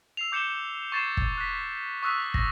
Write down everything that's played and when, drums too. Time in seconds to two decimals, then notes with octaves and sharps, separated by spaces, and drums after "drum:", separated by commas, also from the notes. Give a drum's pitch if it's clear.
0.17 E6 C7 F7
0.32 D6 G6 C#7 E7 F7 G7
0.92 C#6 G#6 A6 C7 E7
1.17 drum: kick
1.38 F#6 B6
2.03 C#6 D#6 E6 F#6 B6
2.34 A#6, drum: kick